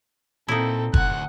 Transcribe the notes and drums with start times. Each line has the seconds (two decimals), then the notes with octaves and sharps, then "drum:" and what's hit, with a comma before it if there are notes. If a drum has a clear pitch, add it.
0.48 A#2 C4 D#4 E4 A4
0.94 D2 F#5 G#5 F#6, drum: kick